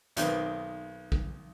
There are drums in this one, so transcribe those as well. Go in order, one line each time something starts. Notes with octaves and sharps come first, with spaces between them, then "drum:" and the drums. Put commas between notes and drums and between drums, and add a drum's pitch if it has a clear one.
B1 D#3 C4 B4, drum: hi-hat
drum: kick